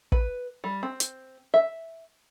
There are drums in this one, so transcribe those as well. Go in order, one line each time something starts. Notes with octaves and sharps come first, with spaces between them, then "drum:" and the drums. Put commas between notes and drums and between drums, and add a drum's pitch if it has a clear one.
B4, drum: kick
G3
C4
drum: hi-hat
E5